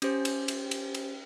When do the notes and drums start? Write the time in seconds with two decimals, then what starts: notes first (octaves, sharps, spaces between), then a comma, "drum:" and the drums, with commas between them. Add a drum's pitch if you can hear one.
0.02 C#4 G4 C5, drum: cymbal
0.25 drum: cymbal
0.48 drum: cymbal
0.71 drum: cymbal
0.95 drum: cymbal